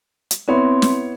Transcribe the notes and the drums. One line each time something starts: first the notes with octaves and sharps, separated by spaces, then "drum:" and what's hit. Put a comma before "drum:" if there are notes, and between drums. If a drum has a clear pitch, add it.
drum: hi-hat
B3 C4 E4 C#5 C6
drum: snare